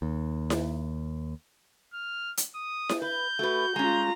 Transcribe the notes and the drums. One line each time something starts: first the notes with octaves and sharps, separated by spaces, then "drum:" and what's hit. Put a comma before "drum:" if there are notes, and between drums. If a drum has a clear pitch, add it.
D#2
drum: snare E4
F6
drum: hi-hat
D#6
drum: snare E4
B4 G6
A3 F#4 B4
G#3 C#4 F4 A#5